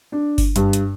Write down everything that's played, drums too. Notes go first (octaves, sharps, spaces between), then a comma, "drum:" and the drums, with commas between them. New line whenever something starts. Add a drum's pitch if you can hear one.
D4
drum: kick G1, open hi-hat
G2, drum: hi-hat
drum: hi-hat